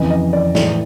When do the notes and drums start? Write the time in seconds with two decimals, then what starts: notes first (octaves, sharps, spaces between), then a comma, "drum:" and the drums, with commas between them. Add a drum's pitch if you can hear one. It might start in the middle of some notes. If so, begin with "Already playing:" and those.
Already playing: F2 C#3 E3 D#5
0.10 D#5
0.33 D5
0.55 A2 E3 D5, drum: snare